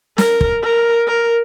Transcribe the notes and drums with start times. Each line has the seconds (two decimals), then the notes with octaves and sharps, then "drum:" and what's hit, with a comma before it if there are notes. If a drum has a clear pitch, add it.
0.18 A#4, drum: snare
0.41 drum: kick
0.64 A#4
1.07 A#4